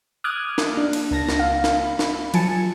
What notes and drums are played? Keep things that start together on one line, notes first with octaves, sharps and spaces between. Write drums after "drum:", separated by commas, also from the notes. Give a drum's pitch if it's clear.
D6 D#6 F6 F#6 G#6
drum: snare
A#3 D4
drum: cymbal
C#2 A#3 A5 A#6
drum: snare
F5
drum: snare
B5
drum: snare
F3 F#3 G#5 A5 C#7, drum: cymbal